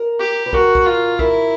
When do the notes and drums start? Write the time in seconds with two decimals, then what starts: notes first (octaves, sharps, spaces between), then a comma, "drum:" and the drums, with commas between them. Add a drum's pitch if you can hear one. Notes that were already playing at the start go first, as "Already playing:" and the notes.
Already playing: A#4
0.19 G4
0.46 B4
0.53 F#4 A#4, drum: kick
0.75 drum: kick
0.86 F4
1.19 E4 A#4, drum: kick